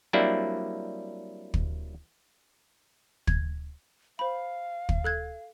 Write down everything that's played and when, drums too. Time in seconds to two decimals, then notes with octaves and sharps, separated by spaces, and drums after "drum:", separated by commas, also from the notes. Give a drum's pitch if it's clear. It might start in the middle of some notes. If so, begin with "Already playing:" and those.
0.13 F#3 G3 A#3 C4 D4 E4
1.54 drum: kick
3.27 G#6, drum: kick
4.19 C5 F5 B5
4.89 drum: kick
5.04 A4 F#6 G#6